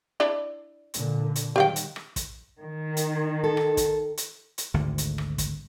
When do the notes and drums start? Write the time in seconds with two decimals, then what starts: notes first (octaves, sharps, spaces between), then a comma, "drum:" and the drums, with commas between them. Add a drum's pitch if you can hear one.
0.20 D4 E4 D5
0.94 A#2 D3, drum: hi-hat
1.36 drum: hi-hat
1.56 D#3 F#3 G3 G4 F5 G5
1.76 drum: hi-hat
1.96 drum: rim click
2.16 drum: kick, hi-hat
2.61 D#3
2.97 drum: hi-hat
3.44 A4
3.57 drum: rim click
3.77 drum: kick, hi-hat
4.17 drum: hi-hat
4.58 drum: hi-hat
4.74 G#1 D2 D3
4.98 drum: hi-hat
5.18 drum: rim click
5.38 drum: kick, hi-hat